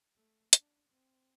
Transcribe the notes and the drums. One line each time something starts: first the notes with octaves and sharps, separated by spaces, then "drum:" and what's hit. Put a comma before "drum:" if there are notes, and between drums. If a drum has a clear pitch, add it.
A3
D4, drum: hi-hat
C4